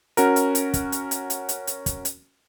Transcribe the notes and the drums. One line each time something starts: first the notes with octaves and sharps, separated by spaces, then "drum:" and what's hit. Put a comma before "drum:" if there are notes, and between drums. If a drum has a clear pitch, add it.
C#4 F#4 A#4, drum: hi-hat
drum: hi-hat
drum: hi-hat
drum: kick, hi-hat
drum: hi-hat
drum: hi-hat
drum: hi-hat
drum: hi-hat
drum: hi-hat
drum: kick, hi-hat
drum: hi-hat